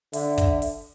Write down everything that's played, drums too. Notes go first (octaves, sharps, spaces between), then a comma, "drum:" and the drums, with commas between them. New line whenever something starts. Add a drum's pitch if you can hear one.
D3 E5, drum: open hi-hat
drum: kick, hi-hat
drum: open hi-hat